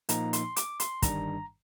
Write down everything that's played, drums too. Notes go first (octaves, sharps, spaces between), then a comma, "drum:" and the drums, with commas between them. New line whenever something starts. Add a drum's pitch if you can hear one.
A#2 F3 A#3 D#4 A#5, drum: hi-hat
C6, drum: hi-hat
D6, drum: hi-hat
C6, drum: hi-hat
G1 G2 D#3 G3 D4 A#5, drum: kick, hi-hat